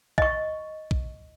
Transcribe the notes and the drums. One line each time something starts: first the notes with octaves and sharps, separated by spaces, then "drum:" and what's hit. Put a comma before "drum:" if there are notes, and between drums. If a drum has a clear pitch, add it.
D#5 C#6, drum: kick
drum: kick